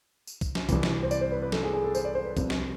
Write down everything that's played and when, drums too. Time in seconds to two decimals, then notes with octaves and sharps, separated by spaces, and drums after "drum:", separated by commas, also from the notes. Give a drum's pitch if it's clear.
0.27 drum: tambourine
0.41 drum: kick, tambourine
0.55 drum: snare
0.69 C2 C3 E3, drum: kick, tambourine
0.83 drum: snare
1.03 C5
1.11 D5, drum: tambourine
1.21 C5
1.32 B4
1.42 B4
1.52 A4, drum: snare
1.63 G#4
1.74 G#4
1.84 A4
1.95 C5, drum: tambourine
2.05 D5
2.15 C5
2.25 B4
2.37 C2 C3 F3, drum: kick, tambourine
2.50 drum: snare